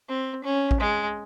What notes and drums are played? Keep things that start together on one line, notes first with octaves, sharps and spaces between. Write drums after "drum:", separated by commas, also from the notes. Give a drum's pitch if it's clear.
C4
C#4
drum: kick A1
G#3